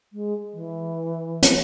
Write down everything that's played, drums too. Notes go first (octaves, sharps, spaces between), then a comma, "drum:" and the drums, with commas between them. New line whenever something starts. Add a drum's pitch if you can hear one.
G#3
E3
drum: hi-hat